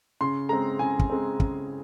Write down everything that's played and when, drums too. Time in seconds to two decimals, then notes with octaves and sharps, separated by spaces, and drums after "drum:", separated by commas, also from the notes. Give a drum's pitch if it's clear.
0.21 C#3 C6
0.49 G#3 C4 A#5
0.79 C#3 G#5
0.99 drum: kick
1.10 G#3 C4
1.40 C#3, drum: kick